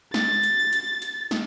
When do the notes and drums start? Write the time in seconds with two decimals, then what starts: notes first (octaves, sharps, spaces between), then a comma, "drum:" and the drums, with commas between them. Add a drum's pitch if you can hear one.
0.14 A6, drum: snare
0.43 drum: hi-hat
0.73 drum: hi-hat
1.02 drum: hi-hat
1.31 drum: snare